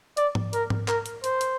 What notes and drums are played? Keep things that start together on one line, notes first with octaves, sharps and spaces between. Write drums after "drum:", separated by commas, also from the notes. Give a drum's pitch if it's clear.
D5, drum: hi-hat
drum: tom G#2
A#4, drum: hi-hat
drum: tom G#2
A#4, drum: clap
drum: hi-hat
C5, drum: hi-hat
drum: hi-hat